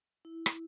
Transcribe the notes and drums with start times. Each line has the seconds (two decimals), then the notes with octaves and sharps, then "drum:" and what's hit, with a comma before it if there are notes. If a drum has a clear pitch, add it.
0.25 E4
0.46 drum: rim click